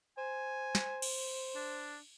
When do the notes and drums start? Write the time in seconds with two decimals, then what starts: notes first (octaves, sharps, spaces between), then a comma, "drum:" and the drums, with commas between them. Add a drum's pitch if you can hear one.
0.18 C5 G#5
0.75 drum: snare
1.02 drum: cymbal
1.55 D4